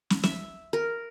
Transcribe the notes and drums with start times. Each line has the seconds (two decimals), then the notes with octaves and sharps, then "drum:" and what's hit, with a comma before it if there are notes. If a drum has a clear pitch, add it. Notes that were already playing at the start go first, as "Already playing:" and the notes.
0.10 drum: snare
0.23 E5, drum: snare
0.73 A#4